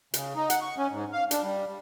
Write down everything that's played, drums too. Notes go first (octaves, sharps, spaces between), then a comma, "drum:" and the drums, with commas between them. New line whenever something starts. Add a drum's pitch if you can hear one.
C#3, drum: hi-hat
D#4
F#5, drum: hi-hat
C#6
C#4
G#2
F5
D4, drum: hi-hat
G3
G3